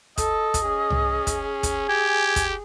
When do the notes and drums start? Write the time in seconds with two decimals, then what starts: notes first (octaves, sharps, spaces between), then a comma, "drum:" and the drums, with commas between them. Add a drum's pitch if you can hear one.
0.18 A4 D#5, drum: kick, hi-hat
0.54 drum: kick, hi-hat
0.65 C#4 G#4
0.90 drum: tom C2
1.27 drum: kick, hi-hat
1.63 drum: kick, hi-hat
1.89 G4 G#5
2.36 drum: kick, hi-hat